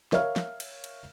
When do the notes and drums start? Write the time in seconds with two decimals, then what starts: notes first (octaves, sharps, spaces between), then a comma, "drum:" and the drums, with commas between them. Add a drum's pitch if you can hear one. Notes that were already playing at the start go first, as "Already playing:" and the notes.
0.12 A#4 C#5 E5 F5 F6, drum: snare
0.36 drum: snare
0.60 drum: cymbal
0.84 drum: cymbal